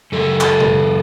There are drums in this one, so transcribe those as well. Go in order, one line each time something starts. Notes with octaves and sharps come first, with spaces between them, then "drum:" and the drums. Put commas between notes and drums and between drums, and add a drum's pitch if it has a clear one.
F#2 C#3 A4
A4, drum: clap
drum: tom B2